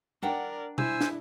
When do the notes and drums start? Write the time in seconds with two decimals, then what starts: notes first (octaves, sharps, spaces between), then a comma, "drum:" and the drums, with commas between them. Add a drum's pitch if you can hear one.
0.22 D4 A#4 D5 F#5 G5
0.78 E4 C5 G#5 E6, drum: tom B2
1.01 drum: snare